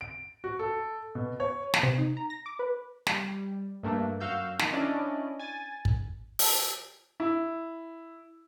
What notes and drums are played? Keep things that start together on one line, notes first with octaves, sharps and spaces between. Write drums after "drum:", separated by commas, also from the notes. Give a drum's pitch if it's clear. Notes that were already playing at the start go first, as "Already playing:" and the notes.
D7
F#4
A4
B2
C#5
drum: snare
C3
D#4
A#5
A#6
D6
B4
G3, drum: snare
G2 A3 A#3 D4
F#2 F#4 F5 E6 G6
D#3, drum: snare
C#4 D4 E4 D5 D#5
G#5 A6
drum: kick
drum: open hi-hat
E4